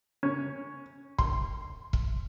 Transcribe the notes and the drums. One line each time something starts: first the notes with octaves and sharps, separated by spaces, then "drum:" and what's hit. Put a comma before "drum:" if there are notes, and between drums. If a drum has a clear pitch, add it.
C#4
C6, drum: kick
drum: kick